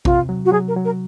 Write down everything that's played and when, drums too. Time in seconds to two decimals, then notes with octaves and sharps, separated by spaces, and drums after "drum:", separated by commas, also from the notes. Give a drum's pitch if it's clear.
0.05 C3 F4, drum: kick A#1
0.29 F#3
0.45 F#4
0.52 F#3 G#4
0.68 A#4
0.76 F#3
0.85 A#4